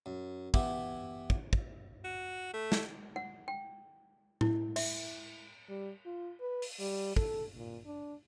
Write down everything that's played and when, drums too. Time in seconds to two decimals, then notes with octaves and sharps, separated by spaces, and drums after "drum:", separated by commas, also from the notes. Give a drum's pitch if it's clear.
0.06 F#2
0.54 E3 B3 E4 G4, drum: kick
1.30 drum: kick
1.53 drum: kick
2.04 F#4
2.54 A3
2.72 drum: snare
3.16 F#5
3.48 G5
4.41 E4, drum: tom A2
4.76 E5, drum: cymbal
5.69 G3
6.06 F4
6.40 B4
6.62 drum: open hi-hat
6.80 G3, drum: open hi-hat
7.16 A4, drum: kick
7.56 A#2
7.86 D4